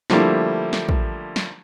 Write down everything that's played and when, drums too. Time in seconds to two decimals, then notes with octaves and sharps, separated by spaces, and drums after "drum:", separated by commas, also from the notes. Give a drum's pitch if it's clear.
0.10 D3 F3 G3 A3 A#3 E4, drum: snare
0.73 drum: snare
0.89 drum: kick
1.36 drum: snare